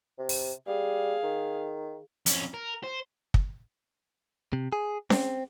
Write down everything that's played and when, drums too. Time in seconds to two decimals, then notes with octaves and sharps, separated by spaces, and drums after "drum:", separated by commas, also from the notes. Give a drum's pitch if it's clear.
0.19 C3
0.29 drum: open hi-hat
0.67 G3 G#4 F5
1.23 D#3
2.26 F2 C#4, drum: hi-hat
2.54 A#4
2.84 C5
3.34 drum: kick
4.53 C3
4.73 G#4
5.10 C4, drum: snare C#4